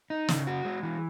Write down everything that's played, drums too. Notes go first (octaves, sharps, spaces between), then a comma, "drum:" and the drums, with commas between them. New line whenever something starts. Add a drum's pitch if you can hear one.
D#4
C#3, drum: snare
F#4
G#3
E3